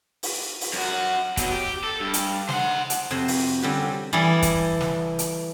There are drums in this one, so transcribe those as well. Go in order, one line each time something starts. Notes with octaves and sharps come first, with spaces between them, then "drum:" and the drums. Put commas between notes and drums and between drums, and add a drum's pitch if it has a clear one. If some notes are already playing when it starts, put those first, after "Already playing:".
drum: open hi-hat
drum: open hi-hat
F#2 F#4
B2 F#3, drum: kick, hi-hat
G4
A4
G2
drum: hi-hat
C5 F#5, drum: snare
drum: hi-hat
F2 C3 F#4 C5
drum: open hi-hat
D3 G3 C4 C#4 F#4 G4
E3 G3 G#4 A4
drum: kick, hi-hat
drum: snare
drum: hi-hat